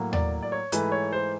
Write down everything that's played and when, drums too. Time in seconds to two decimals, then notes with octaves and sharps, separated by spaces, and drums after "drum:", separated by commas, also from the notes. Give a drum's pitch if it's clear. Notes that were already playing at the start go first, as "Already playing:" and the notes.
Already playing: A2 F#3 A#3
0.13 D5, drum: tom D#2
0.42 D5
0.52 C#5
0.72 G#2 E3 A3 B4, drum: hi-hat
0.92 C#5
1.13 C5